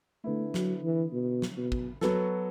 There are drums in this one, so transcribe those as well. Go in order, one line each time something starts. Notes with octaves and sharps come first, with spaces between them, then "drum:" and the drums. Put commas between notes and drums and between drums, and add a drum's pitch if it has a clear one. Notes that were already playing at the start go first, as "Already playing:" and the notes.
D3 A3 B3 E4
F#3, drum: snare
E3
B2
drum: snare
B2
drum: kick
F#3 B3 F#4 A4, drum: snare